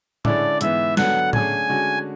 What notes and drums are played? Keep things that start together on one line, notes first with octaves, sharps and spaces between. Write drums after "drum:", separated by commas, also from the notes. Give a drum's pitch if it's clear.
D3 G#3 C#4 E4 A4 D5, drum: tom
G#2 E3 B3 E5, drum: hi-hat
D3 F#3 B3 F#5, drum: snare G#3
D3 A3 C#4 G#4 G#5, drum: tom
D3 G#3 C#4 F#4